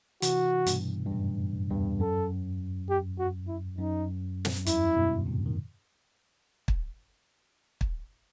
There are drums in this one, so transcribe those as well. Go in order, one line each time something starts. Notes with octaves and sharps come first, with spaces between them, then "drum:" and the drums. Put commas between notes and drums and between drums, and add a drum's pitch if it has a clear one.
C3 E3 F#4, drum: hi-hat
G2 B2, drum: hi-hat
G2
F#2 A2
E2 G2
F#2 A4
G4
F#4
E4
F#2 D#4
drum: snare
F#2
E2 G2 E4, drum: hi-hat
G2 B2
D#3
A2 C3
D#3
drum: kick
drum: kick